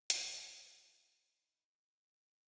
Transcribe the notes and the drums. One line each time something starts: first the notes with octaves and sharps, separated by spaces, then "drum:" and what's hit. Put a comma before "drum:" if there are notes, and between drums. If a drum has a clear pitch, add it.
D#4 B5, drum: hi-hat